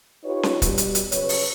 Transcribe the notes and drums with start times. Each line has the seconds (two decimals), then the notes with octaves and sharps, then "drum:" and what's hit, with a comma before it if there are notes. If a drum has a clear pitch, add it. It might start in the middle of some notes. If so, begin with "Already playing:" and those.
0.24 D#4 F4 G4 B4 C#5
0.43 drum: snare C#4
0.62 B2 G3, drum: kick, hi-hat
0.78 drum: hi-hat
0.95 drum: hi-hat
1.12 C#3 F#3 B4 C#5, drum: hi-hat
1.29 drum: open hi-hat